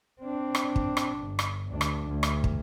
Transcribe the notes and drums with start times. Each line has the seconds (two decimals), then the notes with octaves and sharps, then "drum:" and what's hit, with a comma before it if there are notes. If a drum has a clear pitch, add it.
0.21 C4 D4
0.55 drum: rim click
0.76 drum: kick
0.97 drum: rim click
1.18 G1
1.39 drum: rim click
1.69 D2 D4
1.81 drum: rim click
2.08 D2
2.23 drum: rim click
2.44 drum: kick